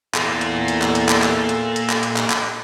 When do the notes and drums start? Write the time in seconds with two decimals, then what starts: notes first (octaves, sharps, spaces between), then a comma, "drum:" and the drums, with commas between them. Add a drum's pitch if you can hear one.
0.14 E2 A#2 A#3 A4, drum: clap
0.41 drum: hi-hat
0.68 drum: hi-hat
0.82 drum: clap
0.95 drum: hi-hat
1.09 drum: clap
1.22 drum: clap
1.49 drum: hi-hat
1.76 drum: hi-hat
1.89 drum: clap
2.03 drum: hi-hat
2.16 drum: clap
2.30 drum: clap